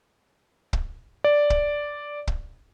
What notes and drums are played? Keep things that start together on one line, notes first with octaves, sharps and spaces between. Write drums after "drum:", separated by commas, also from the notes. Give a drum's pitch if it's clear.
drum: kick
D5
drum: kick
drum: kick